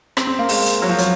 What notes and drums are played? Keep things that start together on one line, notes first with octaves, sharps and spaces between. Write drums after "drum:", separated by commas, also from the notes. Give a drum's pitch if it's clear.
C4, drum: rim click
C4
A#3
G#3, drum: open hi-hat
drum: hi-hat
F#3
F3
F#3, drum: hi-hat